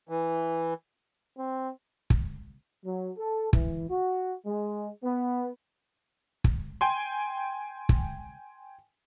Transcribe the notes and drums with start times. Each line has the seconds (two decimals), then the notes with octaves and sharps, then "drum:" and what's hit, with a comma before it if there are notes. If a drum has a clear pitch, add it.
0.09 E3
1.38 C4
2.10 drum: kick
2.86 F#3
3.18 A4
3.53 E3, drum: kick
3.90 F#4
4.46 G#3
5.04 B3
6.44 drum: kick
6.81 G5 G#5 C6
7.89 drum: kick